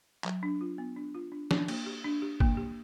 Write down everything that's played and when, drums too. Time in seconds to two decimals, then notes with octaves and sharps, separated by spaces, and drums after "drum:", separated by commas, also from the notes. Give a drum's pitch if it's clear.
0.24 F#3, drum: clap
0.43 D4
0.61 F4
0.78 B3
0.96 D4
1.15 F4
1.32 D4
1.51 D4, drum: snare
1.68 A#3, drum: cymbal
1.86 G4
2.04 D4
2.22 G4
2.40 A#3, drum: kick
2.57 G4